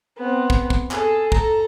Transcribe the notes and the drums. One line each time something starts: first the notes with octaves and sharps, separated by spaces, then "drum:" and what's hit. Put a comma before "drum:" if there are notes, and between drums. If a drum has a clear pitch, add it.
B3 C4
drum: kick
drum: kick
G#4 A4, drum: clap
A4 A#5, drum: kick